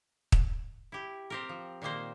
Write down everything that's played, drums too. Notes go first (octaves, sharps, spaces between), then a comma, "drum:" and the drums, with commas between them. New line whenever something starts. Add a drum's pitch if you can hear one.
drum: kick
E4 G4
C4 G4 A#4
F3
A#2 D#3 A#3 C5